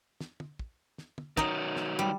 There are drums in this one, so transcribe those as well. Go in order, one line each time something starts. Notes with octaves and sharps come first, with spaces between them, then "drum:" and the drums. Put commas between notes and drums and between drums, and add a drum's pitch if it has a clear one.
drum: snare
drum: tom
drum: kick
drum: snare
drum: tom
D#3 F#3 D#4 D#5, drum: kick
drum: snare
G3